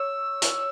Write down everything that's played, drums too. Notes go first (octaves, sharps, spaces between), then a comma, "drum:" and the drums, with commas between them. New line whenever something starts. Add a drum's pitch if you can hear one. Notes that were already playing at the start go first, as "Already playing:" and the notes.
Already playing: C#5 E6
C#5, drum: hi-hat